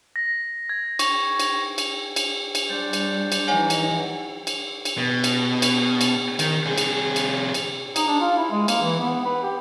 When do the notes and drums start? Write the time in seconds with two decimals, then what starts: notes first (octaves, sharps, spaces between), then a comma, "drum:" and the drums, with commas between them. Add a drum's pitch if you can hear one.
0.16 A#6
0.69 G#6
0.99 C#6, drum: cymbal
1.40 drum: cymbal
1.78 drum: cymbal
2.16 drum: cymbal
2.55 drum: cymbal
2.69 G3 D4 C5 D5
2.93 drum: cymbal
3.32 drum: cymbal
3.48 E3 D#4 C#5 F#5 G#5
3.70 drum: cymbal
4.47 drum: cymbal
4.85 drum: cymbal
4.98 B2
5.24 drum: cymbal
5.62 drum: cymbal
6.01 drum: cymbal
6.39 D#3, drum: cymbal
6.66 C3 G#4
6.78 drum: cymbal
7.16 drum: cymbal
7.54 drum: cymbal
7.96 D#4, drum: cymbal
8.08 D4
8.21 F4
8.37 E4
8.51 G#3
8.68 A#3, drum: cymbal
8.82 E3
8.99 B3
9.25 B4
9.43 G4